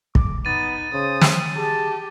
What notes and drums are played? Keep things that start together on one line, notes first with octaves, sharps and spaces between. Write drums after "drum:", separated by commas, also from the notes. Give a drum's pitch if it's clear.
D6, drum: kick
B3 D#4 A6 D#7
C#3 C5 D#6
drum: snare
G4 G#4 A5